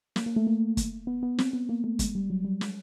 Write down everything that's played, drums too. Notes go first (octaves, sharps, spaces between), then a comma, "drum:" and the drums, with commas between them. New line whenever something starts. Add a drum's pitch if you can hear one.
A#3, drum: snare
A#3
A3
A#3
drum: kick, hi-hat
B3
B3
C4, drum: snare
B3
A#3
A3
G#3, drum: kick, hi-hat
G3
F#3
G3
G#3, drum: snare